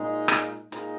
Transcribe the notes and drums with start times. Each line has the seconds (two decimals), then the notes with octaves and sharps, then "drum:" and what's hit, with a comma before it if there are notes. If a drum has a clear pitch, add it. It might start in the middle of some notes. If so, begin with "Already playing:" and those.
Already playing: A#2 G#3 D#4
0.28 drum: rim click
0.72 A#2 G#3 D#4, drum: hi-hat